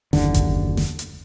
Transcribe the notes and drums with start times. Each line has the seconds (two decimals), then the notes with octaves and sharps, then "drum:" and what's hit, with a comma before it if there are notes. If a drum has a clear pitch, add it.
0.13 F#1 D#2 D3, drum: snare
0.34 drum: kick G#1, hi-hat
0.77 drum: snare
0.99 drum: hi-hat